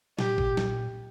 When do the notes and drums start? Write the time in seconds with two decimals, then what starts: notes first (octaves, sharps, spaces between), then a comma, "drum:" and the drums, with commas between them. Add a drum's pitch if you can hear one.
0.19 A#2 G4, drum: snare
0.38 drum: kick
0.57 drum: snare